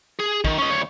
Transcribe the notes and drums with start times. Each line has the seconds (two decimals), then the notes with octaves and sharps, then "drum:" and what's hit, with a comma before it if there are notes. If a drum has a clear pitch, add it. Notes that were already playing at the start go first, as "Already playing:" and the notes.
0.19 G#4
0.45 D#3, drum: kick
0.58 C#4 D#5
0.70 D2 C#5